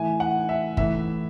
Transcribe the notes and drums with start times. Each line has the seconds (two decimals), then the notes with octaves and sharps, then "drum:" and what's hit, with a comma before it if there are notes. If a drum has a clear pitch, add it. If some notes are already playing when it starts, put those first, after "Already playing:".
Already playing: A2 E3 G#5
0.20 F#5
0.49 E5
0.77 A2 E3 E5, drum: kick